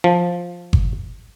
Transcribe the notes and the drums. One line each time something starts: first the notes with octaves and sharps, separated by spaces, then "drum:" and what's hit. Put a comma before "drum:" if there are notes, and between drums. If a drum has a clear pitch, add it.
F3
drum: kick G1